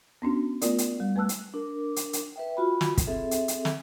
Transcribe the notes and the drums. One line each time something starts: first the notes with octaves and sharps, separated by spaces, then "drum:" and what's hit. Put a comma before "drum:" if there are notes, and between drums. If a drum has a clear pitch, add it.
B3 C#4 D4 F#4
A3 B3 F4 A#4 D5, drum: hi-hat
drum: hi-hat
G3
A3 B4 A5 E6 F#6
drum: hi-hat
D4 A#4 D6
drum: hi-hat
drum: hi-hat
B4 E5 G5
F4 F#4 B5
drum: snare
drum: kick, hi-hat
C4 G#4 A4 E5
drum: hi-hat
drum: hi-hat
drum: snare